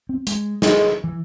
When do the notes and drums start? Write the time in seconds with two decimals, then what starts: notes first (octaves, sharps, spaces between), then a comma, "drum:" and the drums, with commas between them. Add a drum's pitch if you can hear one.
0.09 C4
0.27 G#3, drum: hi-hat
0.62 G#3, drum: snare
1.04 E3